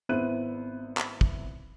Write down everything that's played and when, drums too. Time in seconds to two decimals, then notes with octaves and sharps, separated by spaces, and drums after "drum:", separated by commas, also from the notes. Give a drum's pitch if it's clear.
0.09 G#1 B3 E4 C5 F#6 D#7
0.97 drum: clap
1.21 drum: kick